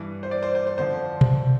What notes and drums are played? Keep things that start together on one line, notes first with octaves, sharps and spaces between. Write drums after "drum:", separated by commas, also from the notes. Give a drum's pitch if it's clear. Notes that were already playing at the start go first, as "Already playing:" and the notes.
Already playing: G2 E3
C5
D5
C5
C5
C5
F2 D3 F3 C5
drum: tom B2